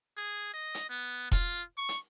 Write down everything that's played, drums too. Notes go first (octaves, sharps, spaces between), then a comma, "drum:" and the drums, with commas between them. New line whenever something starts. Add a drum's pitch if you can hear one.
G#4
D#5
drum: hi-hat
B3
F4, drum: kick E1, hi-hat
C#6
drum: hi-hat